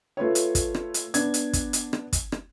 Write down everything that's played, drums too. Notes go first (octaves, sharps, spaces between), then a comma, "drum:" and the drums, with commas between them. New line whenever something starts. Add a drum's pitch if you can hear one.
A3 F4 B4 C#5
drum: hi-hat
drum: kick, hi-hat
drum: rim click
drum: hi-hat
B3 D4 G#6, drum: hi-hat
drum: hi-hat
drum: kick, hi-hat
drum: hi-hat
drum: rim click
drum: kick, hi-hat
drum: rim click